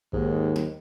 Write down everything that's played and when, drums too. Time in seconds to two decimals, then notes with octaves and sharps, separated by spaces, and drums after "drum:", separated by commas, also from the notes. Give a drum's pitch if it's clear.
0.13 D#2 G#2, drum: kick A#1
0.56 drum: snare F#3